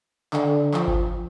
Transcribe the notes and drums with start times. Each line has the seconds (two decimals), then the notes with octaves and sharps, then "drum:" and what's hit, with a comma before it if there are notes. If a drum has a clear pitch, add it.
0.33 D3, drum: clap
0.74 F3, drum: clap
0.88 drum: kick G1